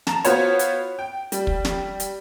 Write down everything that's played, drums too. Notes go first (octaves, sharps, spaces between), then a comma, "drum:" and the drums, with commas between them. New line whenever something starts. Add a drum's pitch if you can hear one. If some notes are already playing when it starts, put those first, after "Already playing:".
A5 A#5, drum: snare
B3 F4 F#4 C5 C#5, drum: hi-hat
drum: hi-hat
G5
G3, drum: hi-hat
drum: kick
drum: snare
drum: hi-hat